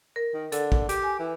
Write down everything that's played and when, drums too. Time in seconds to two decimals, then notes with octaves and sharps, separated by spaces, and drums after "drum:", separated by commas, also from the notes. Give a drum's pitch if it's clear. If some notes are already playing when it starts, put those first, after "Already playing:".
0.16 A#4
0.34 D#3
0.52 D3 A4, drum: hi-hat
0.72 drum: kick
0.89 G4, drum: hi-hat
1.03 G#5
1.19 E3